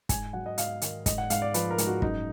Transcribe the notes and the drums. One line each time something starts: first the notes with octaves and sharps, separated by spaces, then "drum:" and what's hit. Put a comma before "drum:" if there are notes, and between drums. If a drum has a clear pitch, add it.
G#2 G#5, drum: kick, hi-hat
F#3 F#5
D#5
G#2 F5, drum: hi-hat
D#3, drum: hi-hat
G#2 D#5, drum: kick, hi-hat
F#5
G#2 F5, drum: hi-hat
D5
F3 B4, drum: hi-hat
A#4
G#2, drum: hi-hat
F#4
F#2 D#4, drum: kick